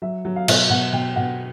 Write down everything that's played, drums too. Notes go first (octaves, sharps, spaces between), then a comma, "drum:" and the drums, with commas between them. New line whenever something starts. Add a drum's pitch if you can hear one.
F#3 E5
F#3
F5
B2, drum: cymbal
B2 F#5
B2 G5
B2 F#5